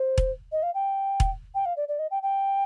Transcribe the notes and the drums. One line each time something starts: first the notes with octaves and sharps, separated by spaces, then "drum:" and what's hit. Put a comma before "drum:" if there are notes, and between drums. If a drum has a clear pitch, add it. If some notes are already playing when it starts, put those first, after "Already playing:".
Already playing: C5
drum: kick E1
D#5
F5
G5
drum: kick E1
G5
F5
D5
D5
D#5
G5
G5